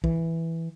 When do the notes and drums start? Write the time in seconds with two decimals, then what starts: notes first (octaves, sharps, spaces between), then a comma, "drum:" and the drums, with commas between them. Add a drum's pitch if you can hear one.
0.04 E3, drum: kick